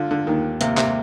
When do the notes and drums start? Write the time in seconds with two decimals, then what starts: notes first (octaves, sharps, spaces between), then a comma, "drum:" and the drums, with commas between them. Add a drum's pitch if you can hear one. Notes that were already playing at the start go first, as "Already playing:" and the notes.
Already playing: D3 F4
0.11 D3
0.27 D#2 D#3
0.61 C3 A#3, drum: hi-hat
0.77 C3, drum: clap